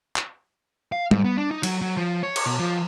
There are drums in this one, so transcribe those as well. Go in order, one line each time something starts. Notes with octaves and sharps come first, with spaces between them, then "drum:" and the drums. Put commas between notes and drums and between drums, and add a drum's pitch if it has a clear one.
drum: clap
F5
G#2, drum: tom G3
B3
D4
D#4
F#3, drum: cymbal
F#3
F3
C#5
drum: cymbal
B2
F3